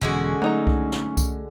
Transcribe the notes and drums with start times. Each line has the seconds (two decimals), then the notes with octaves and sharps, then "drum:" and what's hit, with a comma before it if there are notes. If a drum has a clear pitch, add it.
0.01 E1 D3 G#3 C#4 F#4
0.42 F#3 A3 D#4 A#5
0.67 drum: kick C2
0.92 drum: snare
1.17 drum: kick C2, tambourine